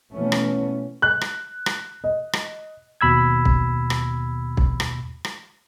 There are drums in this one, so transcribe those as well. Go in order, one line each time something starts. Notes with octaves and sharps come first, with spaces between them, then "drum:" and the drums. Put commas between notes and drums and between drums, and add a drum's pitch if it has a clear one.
B2 E3 A3 B3 C#4
drum: rim click
F#6
drum: rim click
drum: rim click
D#5
drum: rim click
D#2 B2 B5 E6 G#6
drum: kick
drum: rim click
drum: kick
drum: rim click
drum: rim click